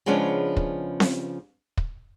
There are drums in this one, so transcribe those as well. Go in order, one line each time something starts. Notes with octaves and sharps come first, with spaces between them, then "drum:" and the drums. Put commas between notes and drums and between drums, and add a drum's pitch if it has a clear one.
C#3 F3 G#3 B3 C#4 D4
drum: kick
drum: snare C4
drum: kick